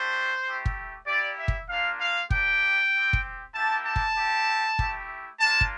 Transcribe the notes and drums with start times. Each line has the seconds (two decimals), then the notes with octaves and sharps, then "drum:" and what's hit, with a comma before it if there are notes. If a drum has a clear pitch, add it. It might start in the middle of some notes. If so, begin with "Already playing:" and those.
Already playing: A3 D4 G4 C5
0.45 A3 E4 G4
0.65 drum: kick
1.06 A#3 E4 G4 D5
1.38 E5
1.48 drum: kick
1.69 A#3 D4 F4 F5
2.00 F5
2.30 G3 A#3 D4 G4 G5, drum: kick
2.92 C4 G4
3.13 drum: kick
3.54 A#3 E4 G4 A5
3.86 A5
3.96 drum: kick
4.17 C4 E4 G4
4.79 A3 E4 G4, drum: kick
5.40 A#3 D4 F4 A5
5.61 drum: kick